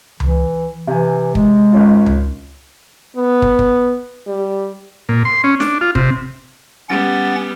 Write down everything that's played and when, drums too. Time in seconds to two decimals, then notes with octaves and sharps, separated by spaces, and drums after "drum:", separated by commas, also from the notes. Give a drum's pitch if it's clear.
0.20 E3, drum: tom C#2
0.87 C3 E3 G#5
1.35 G#3, drum: kick
1.72 G#1 C#4 F4
2.06 drum: tom C#2
3.16 B3
3.42 drum: kick
3.59 drum: kick
4.27 G3
5.09 A#2
5.25 C6
5.44 C#4
5.60 D4, drum: snare
5.81 F4
5.95 C3, drum: kick
6.89 G3 B3 C#4 F#5 A6